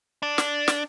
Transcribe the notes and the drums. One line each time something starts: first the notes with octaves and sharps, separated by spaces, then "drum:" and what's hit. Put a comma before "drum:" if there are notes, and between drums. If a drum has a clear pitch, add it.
D4
drum: snare
drum: snare